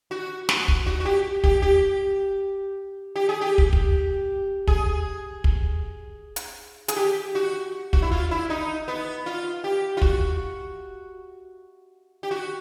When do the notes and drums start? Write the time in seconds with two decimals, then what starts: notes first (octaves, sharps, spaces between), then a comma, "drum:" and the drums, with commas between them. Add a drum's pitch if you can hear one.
0.11 F#4
0.49 F#4, drum: snare
0.68 drum: kick
0.86 F#4
1.00 F#4
1.05 G4
1.44 G4, drum: kick
1.62 G4
3.16 G4
3.29 G#4
3.41 G4
3.58 drum: kick
3.73 drum: kick
4.67 G#4, drum: kick
5.44 drum: kick
6.36 drum: hi-hat
6.88 G#4, drum: hi-hat
6.96 G4
7.35 F#4
7.93 F#4, drum: kick
8.02 E4
8.11 F4
8.31 E4
8.50 D#4
8.88 B3
9.26 F4
9.64 G4
9.97 F4
10.02 F#4, drum: kick
12.23 G4
12.31 F#4